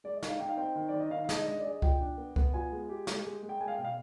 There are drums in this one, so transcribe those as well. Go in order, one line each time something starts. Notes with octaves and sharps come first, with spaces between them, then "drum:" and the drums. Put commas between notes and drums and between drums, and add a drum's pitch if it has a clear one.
G#3 D5
D#5
D#4, drum: snare
F5
D#4 G5
F5
C4 G5
D#3
D5
D#3
D#5
D#3 F5
F5
G#3 D#5, drum: snare
D4 D#5
D5
G#4
D#5
F4 G5, drum: kick C#2
D4
B3
B3, drum: kick C#2
F4 G#5
G#3
G4
G4, drum: snare
G#3
G#3
G5
G#3 G#5
F5
G5
B2
F5